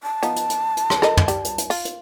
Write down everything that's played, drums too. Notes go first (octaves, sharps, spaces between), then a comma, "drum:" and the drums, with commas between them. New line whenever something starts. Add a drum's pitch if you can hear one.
A5
F3 B3 D#4, drum: hi-hat
drum: hi-hat
drum: hi-hat
drum: hi-hat
drum: rim click
A4 A#4 D#5, drum: rim click
drum: tom
G3, drum: hi-hat
drum: hi-hat
drum: hi-hat
F4, drum: open hi-hat
drum: hi-hat